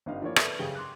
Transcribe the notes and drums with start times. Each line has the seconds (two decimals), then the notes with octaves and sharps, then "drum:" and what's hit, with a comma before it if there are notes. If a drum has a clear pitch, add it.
0.06 G1 G2 D#4 F5
0.22 F3 A#3 E4 C#5 D5
0.36 A4 B4 D5 E5, drum: rim click
0.59 F#1 C#3 G4 G#4 G7
0.75 C6 D6 F#6